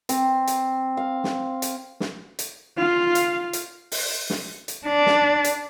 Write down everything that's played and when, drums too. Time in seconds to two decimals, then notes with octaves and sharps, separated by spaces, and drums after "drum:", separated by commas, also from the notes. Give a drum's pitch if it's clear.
0.09 C4, drum: hi-hat
0.47 drum: hi-hat
0.97 F5
1.24 drum: snare
1.62 drum: hi-hat
2.00 drum: snare
2.39 drum: hi-hat
2.77 F4 F5
3.15 drum: hi-hat
3.53 drum: hi-hat
3.92 drum: open hi-hat
4.30 drum: snare
4.68 drum: hi-hat
4.86 D4
5.06 drum: snare
5.44 drum: hi-hat